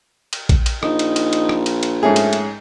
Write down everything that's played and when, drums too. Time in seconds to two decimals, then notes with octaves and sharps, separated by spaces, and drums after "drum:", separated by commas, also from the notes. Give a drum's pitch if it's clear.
0.33 drum: cymbal
0.49 drum: kick A#1, cymbal
0.66 drum: cymbal
0.83 A#1 D#4, drum: rim click
0.99 drum: cymbal
1.16 drum: cymbal
1.33 drum: cymbal
1.49 drum: rim click
1.66 drum: cymbal
1.83 drum: cymbal
2.03 G#2 A3 C#4 G#4
2.16 drum: cymbal
2.33 drum: cymbal